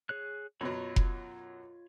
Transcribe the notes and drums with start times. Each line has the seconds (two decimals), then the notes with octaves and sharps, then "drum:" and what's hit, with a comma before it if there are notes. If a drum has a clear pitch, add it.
0.09 G#4 C#5 F#6
0.61 F#2 B2 F#3 F4 C#5 B5
0.96 drum: kick F1